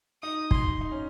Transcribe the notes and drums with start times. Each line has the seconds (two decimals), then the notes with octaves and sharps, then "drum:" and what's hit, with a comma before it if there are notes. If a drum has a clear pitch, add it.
0.22 D#4 D#6
0.51 C6, drum: kick
0.81 D#4
0.92 C#4